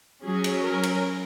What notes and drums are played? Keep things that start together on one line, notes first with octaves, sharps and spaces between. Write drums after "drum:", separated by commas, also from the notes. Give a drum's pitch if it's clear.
F#3 C#4 G#4
drum: cymbal
A#4
drum: cymbal